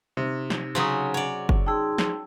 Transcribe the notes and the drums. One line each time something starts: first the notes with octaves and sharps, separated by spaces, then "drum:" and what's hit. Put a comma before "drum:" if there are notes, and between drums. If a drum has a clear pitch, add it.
C3 D#4
drum: snare
C#3 F#3 C#4 C6 D#6
C#5 D5 F#5
drum: kick F#1
D#4 G#4 G5 A5 C6 E6
drum: snare